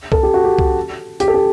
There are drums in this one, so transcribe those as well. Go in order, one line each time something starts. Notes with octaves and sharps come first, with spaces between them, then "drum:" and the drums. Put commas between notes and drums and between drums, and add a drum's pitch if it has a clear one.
A4, drum: kick C2
G4
F#4
G4
drum: kick C2
G4, drum: hi-hat
A4
G4